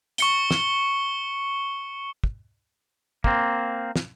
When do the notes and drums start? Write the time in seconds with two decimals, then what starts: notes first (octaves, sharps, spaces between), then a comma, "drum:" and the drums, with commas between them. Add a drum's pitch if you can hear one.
0.18 C#6 C#7 G7, drum: hi-hat
0.51 drum: snare
2.24 drum: kick
3.24 A#3 C4, drum: kick
3.96 drum: snare